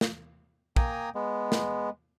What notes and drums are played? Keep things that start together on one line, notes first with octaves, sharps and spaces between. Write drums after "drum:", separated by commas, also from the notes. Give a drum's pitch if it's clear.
drum: snare
A#3 G5 G#5 A#5 D#6, drum: kick
G#3 B3
drum: snare